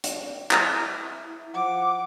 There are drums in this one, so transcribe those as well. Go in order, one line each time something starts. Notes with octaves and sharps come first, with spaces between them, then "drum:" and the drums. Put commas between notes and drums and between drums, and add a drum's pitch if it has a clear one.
drum: hi-hat
E4, drum: clap
F3 F#5 D6